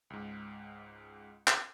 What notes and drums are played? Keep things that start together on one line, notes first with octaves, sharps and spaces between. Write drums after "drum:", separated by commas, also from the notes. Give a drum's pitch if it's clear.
C#2 G#2
drum: clap